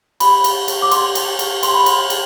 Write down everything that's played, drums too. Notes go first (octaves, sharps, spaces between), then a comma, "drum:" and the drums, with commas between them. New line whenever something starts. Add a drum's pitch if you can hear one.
B5, drum: cymbal
drum: cymbal
drum: cymbal
D6
C6, drum: cymbal
drum: cymbal
drum: cymbal
C6, drum: cymbal
B5
C6, drum: cymbal
drum: cymbal